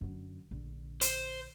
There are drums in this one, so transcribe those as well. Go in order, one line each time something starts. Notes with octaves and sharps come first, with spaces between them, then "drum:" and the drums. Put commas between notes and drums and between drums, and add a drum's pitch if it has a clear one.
F#2 D3
A#1 D3
C5, drum: hi-hat